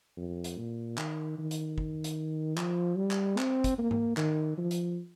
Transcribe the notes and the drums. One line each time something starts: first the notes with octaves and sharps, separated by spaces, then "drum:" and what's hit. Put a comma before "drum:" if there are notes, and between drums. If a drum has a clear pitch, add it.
F2
drum: hi-hat
A#2
D#3, drum: clap
D#3
drum: hi-hat
drum: kick
drum: hi-hat
F3, drum: clap
G3
drum: clap
C4, drum: clap
drum: kick, hi-hat
A#3
drum: tom G#2
D#3, drum: clap
F3
drum: hi-hat